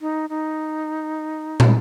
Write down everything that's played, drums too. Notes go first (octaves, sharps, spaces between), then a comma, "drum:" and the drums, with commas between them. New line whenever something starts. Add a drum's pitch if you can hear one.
D#4
D#4
drum: tom